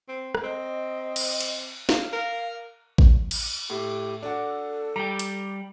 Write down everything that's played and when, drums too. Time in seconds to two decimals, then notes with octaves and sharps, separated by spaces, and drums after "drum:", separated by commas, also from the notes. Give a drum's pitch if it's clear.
0.09 C4
0.35 drum: rim click
0.44 C4 D#5
1.16 drum: cymbal
1.40 drum: cymbal
1.89 F5, drum: snare
2.13 A#4
2.98 drum: kick A1
3.31 drum: cymbal
3.70 A2 G4
4.23 D4 F#4 A4
4.96 G3 G4 A#5
5.19 drum: hi-hat